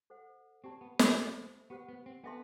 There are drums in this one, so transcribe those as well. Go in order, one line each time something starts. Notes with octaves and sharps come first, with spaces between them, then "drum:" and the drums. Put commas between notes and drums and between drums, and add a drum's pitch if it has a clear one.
A4 C5 F#5
C4 G4 D5 A5
B3
B3, drum: snare
A3 C5 E5 B5
B3 G4 C5 F#5
B3
C4
B3 D4 A4 E5 A5 C6